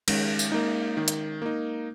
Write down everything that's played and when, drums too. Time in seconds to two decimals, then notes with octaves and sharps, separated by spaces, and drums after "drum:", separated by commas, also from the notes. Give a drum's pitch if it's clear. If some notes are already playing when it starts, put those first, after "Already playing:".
0.08 D#3 G#3 C#4, drum: cymbal
0.39 drum: tambourine
0.52 A#3 D#4
0.97 D#3
1.08 drum: hi-hat
1.42 A#3 D#4